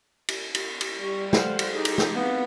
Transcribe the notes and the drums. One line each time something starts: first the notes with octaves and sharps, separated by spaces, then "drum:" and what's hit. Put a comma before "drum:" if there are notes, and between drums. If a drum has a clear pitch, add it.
drum: cymbal
drum: cymbal
drum: cymbal
G3 G4 C#6
A4 C5 F5 F#5, drum: snare
drum: cymbal
D#4 G4 G#4
drum: cymbal
drum: snare
B3 C4 B4 F5